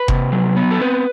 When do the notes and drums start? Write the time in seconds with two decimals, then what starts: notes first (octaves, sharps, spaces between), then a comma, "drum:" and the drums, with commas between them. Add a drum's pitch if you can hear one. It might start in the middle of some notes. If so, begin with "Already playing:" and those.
Already playing: B4
0.08 C3, drum: kick F#1
0.32 F#3
0.56 B3
0.71 A4
0.81 C4 B4